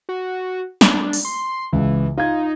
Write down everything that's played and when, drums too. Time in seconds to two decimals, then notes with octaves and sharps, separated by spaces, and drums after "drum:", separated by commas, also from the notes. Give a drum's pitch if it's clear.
0.09 F#4
0.81 D4, drum: snare
1.13 drum: open hi-hat
1.25 C6
1.73 C#2 E3
2.17 D#4 F4 G#6